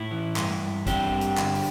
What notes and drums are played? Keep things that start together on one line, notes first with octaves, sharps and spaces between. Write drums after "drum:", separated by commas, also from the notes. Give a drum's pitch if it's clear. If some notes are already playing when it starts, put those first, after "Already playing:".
Already playing: A2 E4
E3
G2, drum: clap
G2
C4 D4 G4, drum: kick, hi-hat
G2
drum: hi-hat
D3, drum: clap
drum: open hi-hat